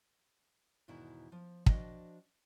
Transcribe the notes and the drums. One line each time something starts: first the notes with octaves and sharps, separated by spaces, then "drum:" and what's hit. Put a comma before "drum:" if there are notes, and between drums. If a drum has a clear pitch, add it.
E2 G#2 B2 D#3 E4
F3
F3 D4 F#4 D#5 G5, drum: kick